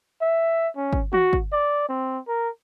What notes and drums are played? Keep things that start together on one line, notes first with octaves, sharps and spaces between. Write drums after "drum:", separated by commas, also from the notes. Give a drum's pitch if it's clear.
E5
C#4
drum: kick
F#4, drum: tom
drum: kick
D5
C4
A#4